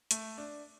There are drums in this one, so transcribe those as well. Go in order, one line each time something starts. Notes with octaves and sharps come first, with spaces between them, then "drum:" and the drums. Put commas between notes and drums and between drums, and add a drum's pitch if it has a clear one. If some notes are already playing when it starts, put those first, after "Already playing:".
A3, drum: hi-hat
D4